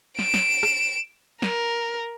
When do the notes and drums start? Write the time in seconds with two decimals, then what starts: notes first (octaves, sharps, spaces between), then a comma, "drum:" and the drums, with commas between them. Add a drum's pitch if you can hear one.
0.19 D7 E7, drum: snare
0.34 drum: snare
0.63 drum: rim click
1.42 A#4, drum: snare